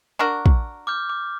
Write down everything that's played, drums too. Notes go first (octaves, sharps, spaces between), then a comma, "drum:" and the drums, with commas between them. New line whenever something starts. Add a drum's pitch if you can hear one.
D4 F#4 A#4
drum: kick
D6 F6 G6
D6